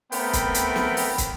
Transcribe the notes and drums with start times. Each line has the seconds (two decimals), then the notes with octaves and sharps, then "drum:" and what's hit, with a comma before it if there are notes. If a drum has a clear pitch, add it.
0.12 A3 B3 C4 A#4 G5 B5, drum: open hi-hat
0.33 drum: kick, hi-hat
0.54 drum: hi-hat
0.76 drum: snare
0.97 drum: open hi-hat
1.18 drum: kick, hi-hat